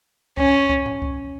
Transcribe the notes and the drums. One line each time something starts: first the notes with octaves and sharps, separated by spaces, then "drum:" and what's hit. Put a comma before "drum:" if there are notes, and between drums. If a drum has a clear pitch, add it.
C#4, drum: kick C2
drum: kick C2
drum: tom A2
drum: kick C2